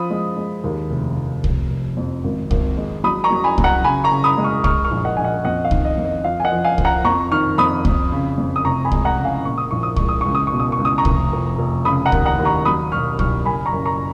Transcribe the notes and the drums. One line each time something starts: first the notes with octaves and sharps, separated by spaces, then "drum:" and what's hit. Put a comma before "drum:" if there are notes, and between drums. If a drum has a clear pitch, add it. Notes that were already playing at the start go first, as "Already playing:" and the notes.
Already playing: F3 B5 D#6
G#3
G#3
D#2
F1
F1
F1, drum: kick C2
F1
F2
G#1
G#1, drum: kick C2
G#3
F#3 B5 D#6
A#5 C#6
F#3
G#5 B5
F#3, drum: kick C2
F#5 A#5
C#3 G#5 B5
A#5 C#6
C#3
B5 D#6
G#3
C#6 F6
G#3 C#6 F6, drum: kick C2
C#6 F6
A#1
D#5 F#5
A#1 G#5
D#5 F#5
F2 D#5 F#5
F5
D#3, drum: kick C2
D#5
F2
D#5
F3 F5
G#5
D#5 F#5
F3
F5 G#5
F3, drum: kick C2
F#5 A#5
F2 A#5 C#6
D#3 C#6 F6
F2 B5 D#6
F2, drum: kick C2
C#3
F2
D#6
F1 A#5 C#6
G#5 B5
G#3, drum: kick C2
F#5 A#5
C#3
F5 G#5
A#2 C#6
D#6
A#1 C#6
D#6
G#3 C#6, drum: kick C2
D#6
C#2 C#6
D#6
B2 C#6
D#6
C#6
C#2
D#6
A#5 C#6
F1, drum: kick C2
F1
F1
C#3 B5 D#6
F#5 A#5
D#2, drum: kick C2
F#5 A#5
D#2
A#5 C#6
F#3 B5 D#6
B1 C#6 F6
B1 C#6 F6, drum: kick C2
F#1 G#5 B5
A#5 C#6
F#1
A#5 C#6